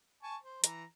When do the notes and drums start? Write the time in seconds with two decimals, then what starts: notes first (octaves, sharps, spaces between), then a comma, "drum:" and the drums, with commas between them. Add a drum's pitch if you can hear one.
0.23 G#5 A5 C#6
0.43 C5
0.64 E3 A#5, drum: hi-hat